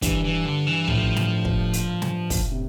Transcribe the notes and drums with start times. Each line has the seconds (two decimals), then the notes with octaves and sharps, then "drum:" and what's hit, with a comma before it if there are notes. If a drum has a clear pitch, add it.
0.02 G2 E3, drum: kick, hi-hat
0.24 E3
0.45 D3
0.67 E3
0.87 A2 F3, drum: tom
1.16 drum: snare
1.45 drum: kick
1.73 drum: hi-hat
2.02 drum: snare
2.30 drum: kick, open hi-hat
2.52 C3